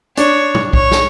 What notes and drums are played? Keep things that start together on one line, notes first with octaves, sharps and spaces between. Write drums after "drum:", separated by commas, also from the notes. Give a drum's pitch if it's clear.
D4 C#5, drum: hi-hat
drum: tom
C#5, drum: kick B1
drum: snare